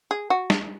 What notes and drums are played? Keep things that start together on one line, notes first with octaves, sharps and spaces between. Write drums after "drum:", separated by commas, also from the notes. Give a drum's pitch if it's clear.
G#4
F#4
drum: snare